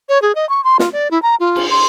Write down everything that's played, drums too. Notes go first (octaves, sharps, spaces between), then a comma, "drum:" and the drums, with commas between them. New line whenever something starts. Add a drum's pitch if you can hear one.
C#5
G#4
D#5
C#6
C6
F4, drum: snare
D5
E4
A#5
F4
drum: cymbal
C6